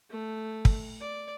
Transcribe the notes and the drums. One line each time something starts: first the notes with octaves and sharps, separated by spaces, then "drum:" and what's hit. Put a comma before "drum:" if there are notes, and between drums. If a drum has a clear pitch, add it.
A3
drum: kick
D5